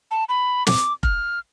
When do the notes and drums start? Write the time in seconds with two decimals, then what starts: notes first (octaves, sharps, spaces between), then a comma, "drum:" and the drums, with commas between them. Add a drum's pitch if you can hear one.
0.11 A5
0.29 B5
0.67 D6, drum: snare
1.03 F6, drum: kick F1